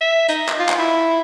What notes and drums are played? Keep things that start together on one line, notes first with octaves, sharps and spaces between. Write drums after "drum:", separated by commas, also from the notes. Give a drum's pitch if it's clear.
E5
D#4, drum: hi-hat
drum: clap
F4
drum: clap
E4